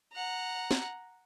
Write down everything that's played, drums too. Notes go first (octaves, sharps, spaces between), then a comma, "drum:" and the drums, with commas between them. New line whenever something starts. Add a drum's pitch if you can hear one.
F#5 A#5
drum: snare